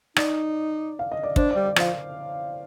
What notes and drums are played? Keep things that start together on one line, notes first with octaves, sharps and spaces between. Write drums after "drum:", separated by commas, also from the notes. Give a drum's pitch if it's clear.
D#4 D5, drum: rim click
F5
D#5
D5
D4 C5, drum: kick
G3 D5
D5
F3 F5, drum: rim click